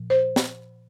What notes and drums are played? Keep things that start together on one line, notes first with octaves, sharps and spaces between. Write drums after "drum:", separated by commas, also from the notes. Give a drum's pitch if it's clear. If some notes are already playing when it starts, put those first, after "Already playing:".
Already playing: A#2 F3
C5
drum: snare